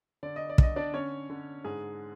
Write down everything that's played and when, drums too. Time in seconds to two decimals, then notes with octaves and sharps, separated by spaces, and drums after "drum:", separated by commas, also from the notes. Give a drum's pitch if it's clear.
0.23 D3 D5
0.36 D#5
0.49 D5
0.58 D3 D#5, drum: kick
0.76 D4 D5
0.94 D3 C#4 C#5
1.29 D3
1.64 G#2 G#4